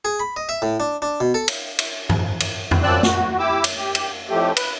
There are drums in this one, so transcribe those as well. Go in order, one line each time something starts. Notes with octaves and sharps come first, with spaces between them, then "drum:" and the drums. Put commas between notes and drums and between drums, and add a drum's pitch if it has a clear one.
G#4
B5
D#5
E5
A2
D4
D4
B2
A4
drum: cymbal
drum: cymbal
drum: tom G2
drum: cymbal
drum: tom E2
F#2 F3 C4 D5 E6 F#6
F#4, drum: snare
E4 G4 D6 E6
drum: cymbal
G4
drum: cymbal
F2 A2 A3 G4
B4, drum: cymbal